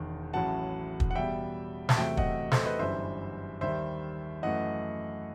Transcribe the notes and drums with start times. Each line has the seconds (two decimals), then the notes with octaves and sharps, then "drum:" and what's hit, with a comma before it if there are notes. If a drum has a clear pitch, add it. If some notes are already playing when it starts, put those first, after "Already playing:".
Already playing: E1 E2 D#3
0.34 A1 A2 F#3 F#5 A5
1.00 drum: kick
1.11 F#5
1.15 E2 B2 G3 E5 G5
1.89 A5, drum: snare
1.97 E2 C3 F#3 A3 E5 G5
2.17 D#5 F#5, drum: kick
2.51 A4 C5, drum: snare
2.65 B4 D#5
2.79 G1 F#2 E3 G3 C5 E5
3.61 D#2 D#3 G3 C5 E5
4.43 F#2 E3 A3 D#5 F#5